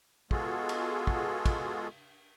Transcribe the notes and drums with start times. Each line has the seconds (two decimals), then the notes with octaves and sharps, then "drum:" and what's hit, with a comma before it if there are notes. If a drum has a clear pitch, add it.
0.31 G#3 B3 F4 F#4 G#4 A4, drum: kick
0.69 drum: cymbal
1.07 drum: kick
1.46 drum: kick, cymbal